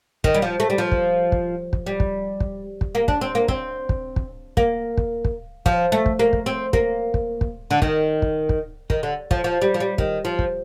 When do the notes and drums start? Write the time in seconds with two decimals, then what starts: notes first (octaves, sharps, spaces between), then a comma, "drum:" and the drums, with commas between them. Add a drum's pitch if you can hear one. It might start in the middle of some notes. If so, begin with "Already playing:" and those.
0.24 D#3, drum: kick
0.34 G3
0.42 F3
0.60 A3
0.70 G3
0.78 F3
0.92 drum: kick
1.32 drum: kick
1.73 drum: kick
1.86 G3
2.00 drum: kick
2.40 drum: kick
2.81 drum: kick
2.95 A#3
3.08 D4, drum: kick
3.21 C4
3.35 A#3
3.48 C4, drum: kick
3.89 drum: kick
4.16 drum: kick
4.57 A#3, drum: kick
4.97 drum: kick
5.25 drum: kick
5.66 F3, drum: kick
5.92 A3
6.06 drum: kick
6.19 A#3
6.33 drum: kick
6.46 C4
6.73 A#3, drum: kick
7.14 drum: kick
7.41 drum: kick
7.71 D3
7.82 D#3, drum: kick
8.22 drum: kick
8.49 drum: kick
8.90 D#3, drum: kick
9.03 D3
9.31 F3, drum: kick
9.44 F3
9.62 G3
9.74 F3
9.80 G3
9.98 D#3, drum: kick
10.25 F3
10.39 drum: kick